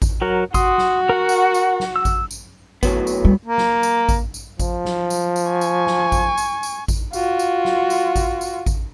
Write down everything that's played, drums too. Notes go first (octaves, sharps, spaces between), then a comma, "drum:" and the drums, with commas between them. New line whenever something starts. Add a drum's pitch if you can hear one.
drum: kick G#1, tambourine
F#3 F#4 A#4
F#4 C6 D#6, drum: kick G#1, tambourine
drum: snare
A#4 F#5
drum: tambourine
drum: tambourine
drum: snare
E6
drum: kick G#1, tambourine
drum: tambourine
A2 F#3 B3, drum: kick G#1, tambourine
drum: tambourine
G3
A#3
drum: snare
drum: tambourine
drum: kick G#1, tambourine
drum: tambourine
F3, drum: kick G#1, tambourine
drum: snare
drum: tambourine
drum: tambourine
G#5 C#6
drum: tambourine
drum: snare
drum: kick G#1, tambourine
drum: tambourine
drum: tambourine
drum: kick G#1, tambourine
F4 F#4, drum: tambourine
drum: tambourine
drum: snare
drum: tambourine
drum: kick G#1, tambourine
drum: tambourine
drum: kick G#1, tambourine